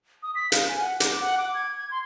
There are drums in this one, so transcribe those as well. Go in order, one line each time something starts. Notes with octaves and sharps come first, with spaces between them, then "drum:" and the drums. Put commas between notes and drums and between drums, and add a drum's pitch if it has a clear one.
D#6
B6
F5, drum: hi-hat
G#5
F#5
D6, drum: hi-hat
F#5
D6
G#6
G#6
C6